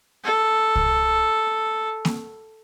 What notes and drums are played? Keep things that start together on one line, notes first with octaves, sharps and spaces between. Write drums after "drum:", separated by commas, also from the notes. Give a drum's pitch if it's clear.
A4
drum: kick C2
drum: snare A#3